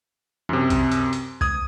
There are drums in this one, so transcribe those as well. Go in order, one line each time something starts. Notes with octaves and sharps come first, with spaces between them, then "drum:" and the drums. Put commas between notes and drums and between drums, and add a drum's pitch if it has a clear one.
F#2 C3, drum: tom
drum: kick B1, hi-hat
drum: hi-hat
drum: hi-hat
C#2 D#6 G#6